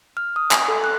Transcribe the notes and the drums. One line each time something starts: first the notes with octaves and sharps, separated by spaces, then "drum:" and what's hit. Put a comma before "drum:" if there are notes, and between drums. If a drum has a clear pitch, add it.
F6
D#6
G#5, drum: clap
A4
F#6